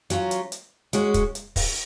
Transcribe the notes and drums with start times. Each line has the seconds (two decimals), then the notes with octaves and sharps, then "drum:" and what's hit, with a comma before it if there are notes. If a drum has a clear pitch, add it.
0.10 F#3 C#4 F4, drum: hi-hat
0.31 drum: hi-hat
0.52 drum: hi-hat
0.93 G#3 C#4 F#4, drum: hi-hat
1.14 drum: kick, hi-hat
1.35 drum: hi-hat
1.56 drum: kick, open hi-hat